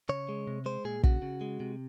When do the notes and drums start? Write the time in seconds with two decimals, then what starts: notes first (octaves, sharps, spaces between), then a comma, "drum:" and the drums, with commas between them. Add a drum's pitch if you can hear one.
0.09 C#3 C#5
0.29 G#3
0.47 C3
0.66 G#3 C5
0.85 A#2 G#4
1.03 C#3 F#4, drum: kick
1.22 C#3
1.41 G#3
1.60 C3